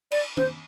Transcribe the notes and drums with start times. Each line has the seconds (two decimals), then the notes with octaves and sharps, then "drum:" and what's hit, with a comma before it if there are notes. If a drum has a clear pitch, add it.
0.11 D5, drum: cymbal
0.37 C5, drum: tom